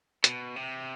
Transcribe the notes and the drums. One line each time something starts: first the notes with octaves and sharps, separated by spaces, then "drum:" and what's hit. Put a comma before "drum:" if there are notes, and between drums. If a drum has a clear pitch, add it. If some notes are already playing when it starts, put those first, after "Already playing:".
B2, drum: hi-hat
C3